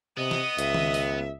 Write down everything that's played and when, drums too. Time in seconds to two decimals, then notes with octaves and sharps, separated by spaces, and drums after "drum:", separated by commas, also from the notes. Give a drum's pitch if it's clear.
0.17 C3 B3 D#5
0.31 drum: snare
0.59 C#2 E5, drum: hi-hat
0.74 drum: tom D#3
0.94 drum: open hi-hat